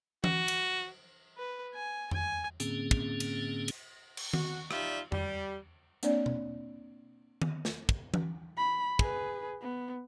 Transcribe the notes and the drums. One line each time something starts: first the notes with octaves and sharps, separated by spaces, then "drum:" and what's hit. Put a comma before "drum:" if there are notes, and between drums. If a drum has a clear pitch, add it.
F#4, drum: tom E3
drum: cymbal
B4
G#5
G#5, drum: tom F2
A2 D3 A#3 C4 C#4 G#4, drum: hi-hat
drum: kick
drum: cymbal
drum: cymbal
drum: cymbal
F#4, drum: tom D#3
G3 D#4 F4 D5 E5, drum: rim click
G3, drum: tom F2
A#3 C4 D4 C#5 D5, drum: hi-hat
drum: tom B2
drum: tom D#3
drum: snare
drum: kick
drum: tom E3
B5
G#4 B4, drum: kick
B3